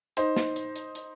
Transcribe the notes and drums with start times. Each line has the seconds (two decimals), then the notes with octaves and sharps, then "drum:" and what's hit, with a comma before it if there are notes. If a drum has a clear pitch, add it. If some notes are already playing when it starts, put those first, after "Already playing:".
0.17 D#4 C5, drum: hi-hat
0.36 drum: snare
0.56 drum: hi-hat
0.76 drum: hi-hat
0.95 drum: hi-hat